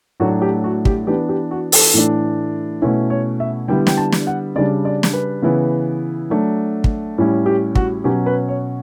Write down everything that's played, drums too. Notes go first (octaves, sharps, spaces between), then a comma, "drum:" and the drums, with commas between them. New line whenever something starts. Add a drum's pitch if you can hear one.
A2 F#3 A3 D4 F#4
G4
F#4
G4, drum: kick
E3 B3 D4 G4
G4
F#4
A4, drum: open hi-hat
A2 E3 A3 D4
B2 A3 C#4 E4
C#5
E5
D3 G3 B3 E4 G5
G5, drum: snare
A5
drum: snare
F#5
C#3 G3 D4 D5
D5
drum: snare
B4
C#3 E3 B3 E4
F#3 A3 D4
drum: kick
A2 G3 C#4 E4
G4
F#4, drum: kick
B2 F#3 C#4 G4
B4
C#5